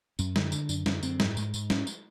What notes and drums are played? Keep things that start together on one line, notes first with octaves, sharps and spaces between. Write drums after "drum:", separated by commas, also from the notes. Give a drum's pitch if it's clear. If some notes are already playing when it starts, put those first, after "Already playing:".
F#2 C#4, drum: tambourine
D3, drum: snare
D3, drum: tambourine
F#2 D4, drum: tambourine
D3 C#4, drum: snare
F#2 C4, drum: tambourine
G#2, drum: snare
G#2, drum: tambourine
G#2, drum: tambourine
G#2 C#4, drum: snare
drum: tambourine